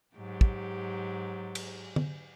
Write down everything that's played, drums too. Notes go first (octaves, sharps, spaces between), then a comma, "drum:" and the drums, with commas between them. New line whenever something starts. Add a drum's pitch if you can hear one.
G#2 F#3 G4
drum: kick
drum: cymbal
drum: tom D3